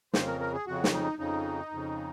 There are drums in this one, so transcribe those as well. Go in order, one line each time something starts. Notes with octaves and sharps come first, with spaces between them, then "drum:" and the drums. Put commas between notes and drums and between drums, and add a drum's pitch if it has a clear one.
F2 C#3 C5, drum: snare
A#4
A#4
G#4
F2 C#3 F#4
drum: snare
D#4
F2 C#3 D#4
F2 C#3